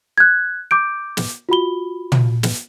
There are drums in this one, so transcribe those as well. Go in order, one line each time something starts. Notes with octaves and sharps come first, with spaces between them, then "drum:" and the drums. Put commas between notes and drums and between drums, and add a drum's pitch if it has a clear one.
F#6 G#6
D6 G6 D7
drum: snare
F4 F#4 B5 G7
drum: tom
drum: snare